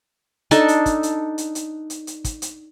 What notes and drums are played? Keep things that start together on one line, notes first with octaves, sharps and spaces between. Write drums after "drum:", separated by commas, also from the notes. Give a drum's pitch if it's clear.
D4 D#4 A4, drum: hi-hat
drum: hi-hat
drum: kick, hi-hat
drum: hi-hat
drum: hi-hat
drum: hi-hat
drum: hi-hat
drum: hi-hat
drum: kick, hi-hat
drum: hi-hat